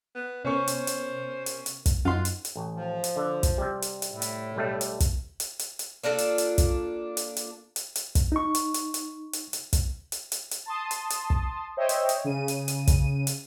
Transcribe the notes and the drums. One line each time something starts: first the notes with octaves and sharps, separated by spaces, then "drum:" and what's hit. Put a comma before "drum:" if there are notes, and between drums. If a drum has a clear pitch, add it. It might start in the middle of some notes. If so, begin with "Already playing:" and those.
B3
C3 B3 C#4 A#4 C5 C#6
drum: hi-hat
drum: hi-hat
drum: hi-hat
drum: hi-hat
drum: kick, hi-hat
F#2 D#4 F4 F#5 C6
drum: hi-hat
drum: hi-hat
A1
F3
drum: hi-hat
D3
drum: kick, hi-hat
C3 G3
drum: hi-hat
drum: hi-hat
A2
drum: hi-hat
B1 G3 A3
drum: hi-hat
drum: kick, hi-hat
drum: hi-hat
drum: hi-hat
drum: hi-hat
A#3 D4 F4 A4
drum: hi-hat
drum: hi-hat
drum: kick, hi-hat
drum: hi-hat
drum: hi-hat
drum: hi-hat
drum: hi-hat
drum: kick, hi-hat
D#4 C#6
drum: hi-hat
drum: hi-hat
drum: hi-hat
drum: hi-hat
drum: hi-hat
drum: kick, hi-hat
drum: hi-hat
drum: hi-hat
drum: hi-hat
A5 C6 D#6
drum: hi-hat
drum: hi-hat
drum: kick
C5 C#5 D#5 E5 G5
drum: hi-hat
drum: hi-hat
C#3 D#7
drum: hi-hat
drum: hi-hat
drum: kick, hi-hat
drum: hi-hat